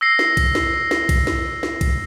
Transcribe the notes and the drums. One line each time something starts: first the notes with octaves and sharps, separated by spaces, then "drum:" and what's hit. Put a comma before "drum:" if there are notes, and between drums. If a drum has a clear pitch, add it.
E6 A#6 C7
drum: snare
drum: kick B1, cymbal
drum: snare
drum: snare
drum: kick B1, cymbal
drum: snare
drum: snare
drum: kick B1, cymbal